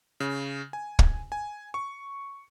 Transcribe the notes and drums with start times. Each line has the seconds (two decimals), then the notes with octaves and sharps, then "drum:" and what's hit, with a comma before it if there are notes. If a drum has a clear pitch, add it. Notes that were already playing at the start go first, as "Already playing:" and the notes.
0.20 C#3
0.73 G#5
0.99 drum: kick
1.32 G#5
1.74 C#6